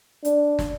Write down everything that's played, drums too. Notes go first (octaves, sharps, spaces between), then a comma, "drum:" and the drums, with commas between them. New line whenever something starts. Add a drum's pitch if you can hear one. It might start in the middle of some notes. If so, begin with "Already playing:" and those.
D4, drum: hi-hat
drum: snare